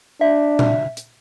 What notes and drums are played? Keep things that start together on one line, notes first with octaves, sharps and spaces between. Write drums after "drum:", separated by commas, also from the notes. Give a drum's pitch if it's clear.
D4 E5
drum: tom A#2
drum: hi-hat